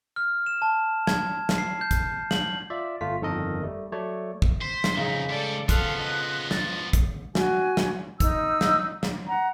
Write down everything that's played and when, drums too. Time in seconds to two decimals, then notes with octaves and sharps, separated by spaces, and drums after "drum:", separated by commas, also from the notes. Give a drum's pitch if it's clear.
0.16 F6
0.46 E7
0.62 A5
1.07 G#6, drum: snare
1.49 drum: snare
1.58 C7
1.81 G6
1.91 drum: kick, hi-hat
2.31 F#7, drum: snare
2.70 F4 D5 E5
3.01 G1 A3 F4 B6
3.21 G1 F2 D#3 A4 A#4 D#5
3.63 G3 A3
3.92 F#3 A3 C#5 D5
4.42 drum: kick
4.62 C5 B6
4.84 drum: snare
4.97 C2 F2 C#3 D#4
5.29 G#2 G3 A4 D5
5.69 F3 B3 A4 F5 F#6, drum: kick, hi-hat
6.01 D#5
6.51 A6, drum: snare
6.93 drum: kick, hi-hat
7.35 F#4 G#5, drum: snare
7.77 drum: snare
8.20 D#4 E6, drum: kick, hi-hat
8.61 drum: snare
9.03 drum: snare
9.28 F#5 A#5